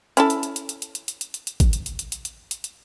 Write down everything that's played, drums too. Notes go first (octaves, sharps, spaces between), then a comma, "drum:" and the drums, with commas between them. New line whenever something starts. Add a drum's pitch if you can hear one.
C#4 E4 A4, drum: hi-hat
drum: hi-hat
drum: hi-hat
drum: hi-hat
drum: hi-hat
drum: hi-hat
drum: hi-hat
drum: hi-hat
drum: hi-hat
drum: hi-hat
drum: hi-hat
drum: kick G#1, hi-hat
drum: hi-hat
drum: hi-hat
drum: hi-hat
drum: hi-hat
drum: hi-hat
drum: hi-hat
drum: hi-hat